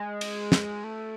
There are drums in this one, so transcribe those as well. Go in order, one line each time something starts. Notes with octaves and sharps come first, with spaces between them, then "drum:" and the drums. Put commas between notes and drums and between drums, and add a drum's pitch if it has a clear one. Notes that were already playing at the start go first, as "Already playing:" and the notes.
Already playing: G#3
drum: cymbal
drum: snare
A3